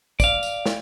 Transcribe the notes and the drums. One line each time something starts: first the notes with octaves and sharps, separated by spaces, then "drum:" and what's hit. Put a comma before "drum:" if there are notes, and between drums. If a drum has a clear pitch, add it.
D5 F5, drum: kick, tambourine
drum: tambourine
drum: snare